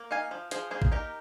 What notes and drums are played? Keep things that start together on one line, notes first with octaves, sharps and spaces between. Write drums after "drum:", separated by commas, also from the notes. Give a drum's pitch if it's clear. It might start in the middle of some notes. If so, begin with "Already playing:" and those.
Already playing: A#3
D#4 F5 G#5
F3
F3 G#4 C5, drum: hi-hat
A#3 G#4 C5
drum: kick A1
D#4 G4 A#4